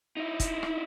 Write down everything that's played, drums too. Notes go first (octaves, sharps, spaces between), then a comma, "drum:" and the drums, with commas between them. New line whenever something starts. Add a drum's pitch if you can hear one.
D#4 E4
drum: kick, hi-hat
drum: rim click